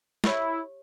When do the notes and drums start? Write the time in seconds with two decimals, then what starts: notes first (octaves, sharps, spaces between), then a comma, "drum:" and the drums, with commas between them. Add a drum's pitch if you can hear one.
0.24 E4 G4 C#5, drum: snare